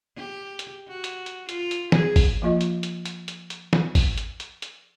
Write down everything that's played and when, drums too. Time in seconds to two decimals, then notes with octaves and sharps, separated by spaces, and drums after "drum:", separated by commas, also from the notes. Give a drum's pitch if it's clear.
0.17 G4
0.59 drum: hi-hat
0.88 F#4
1.04 drum: hi-hat
1.26 drum: hi-hat
1.49 F4, drum: hi-hat
1.71 drum: hi-hat
1.92 G#4, drum: snare
2.16 drum: kick G#1, open hi-hat
2.42 F3 A#3 F4 D#5
2.61 drum: hi-hat
2.83 drum: hi-hat
3.05 drum: hi-hat
3.28 drum: hi-hat
3.50 drum: hi-hat
3.73 drum: snare
3.95 drum: kick G#1, open hi-hat
4.17 drum: hi-hat
4.40 drum: hi-hat
4.62 drum: hi-hat